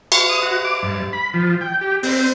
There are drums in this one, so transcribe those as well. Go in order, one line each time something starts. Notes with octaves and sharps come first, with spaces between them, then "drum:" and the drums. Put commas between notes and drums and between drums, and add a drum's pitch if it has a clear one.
C#6, drum: cymbal
D#6
F#4
D6
G2
B5
F3
G5
G4
C4, drum: open hi-hat